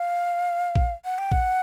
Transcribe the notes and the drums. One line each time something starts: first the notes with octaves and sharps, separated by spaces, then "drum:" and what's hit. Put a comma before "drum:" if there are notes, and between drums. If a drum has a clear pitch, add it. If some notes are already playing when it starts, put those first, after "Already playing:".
Already playing: F5
drum: kick
F#5
G5
F#5, drum: kick